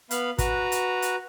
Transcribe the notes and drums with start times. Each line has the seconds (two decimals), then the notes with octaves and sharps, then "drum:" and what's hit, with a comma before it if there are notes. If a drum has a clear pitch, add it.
0.11 B3 F5 B5, drum: hi-hat
0.38 F#4 B4 A#5, drum: kick, hi-hat
0.72 drum: hi-hat
1.02 drum: hi-hat